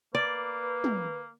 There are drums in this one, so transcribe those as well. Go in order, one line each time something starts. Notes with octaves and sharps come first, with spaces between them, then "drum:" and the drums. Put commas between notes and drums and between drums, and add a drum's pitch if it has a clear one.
A#3 B4 D5
drum: tom